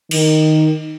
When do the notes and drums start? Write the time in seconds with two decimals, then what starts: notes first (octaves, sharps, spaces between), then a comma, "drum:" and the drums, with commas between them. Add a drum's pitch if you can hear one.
0.11 D#3, drum: cymbal